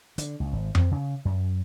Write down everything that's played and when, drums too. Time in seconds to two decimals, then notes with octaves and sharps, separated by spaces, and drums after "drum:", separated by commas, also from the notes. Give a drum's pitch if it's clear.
0.18 D3, drum: hi-hat
0.40 C#2
0.53 G#1
0.75 C4, drum: tom F2
0.91 C#3
1.25 F#2